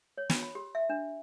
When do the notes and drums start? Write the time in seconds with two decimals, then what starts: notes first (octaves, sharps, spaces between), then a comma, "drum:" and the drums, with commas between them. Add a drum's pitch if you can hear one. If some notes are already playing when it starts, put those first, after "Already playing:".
0.18 C#5
0.30 B5, drum: snare
0.43 B5
0.55 G4
0.75 E5
0.90 D4